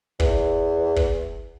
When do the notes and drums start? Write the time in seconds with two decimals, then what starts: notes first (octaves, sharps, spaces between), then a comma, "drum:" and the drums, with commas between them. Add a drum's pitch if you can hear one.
0.20 E2, drum: kick
0.97 drum: kick